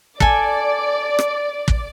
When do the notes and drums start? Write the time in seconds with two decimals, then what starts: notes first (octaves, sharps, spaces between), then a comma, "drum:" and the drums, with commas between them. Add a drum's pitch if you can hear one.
0.20 A4 D5 G#5, drum: kick
1.19 drum: rim click
1.68 drum: kick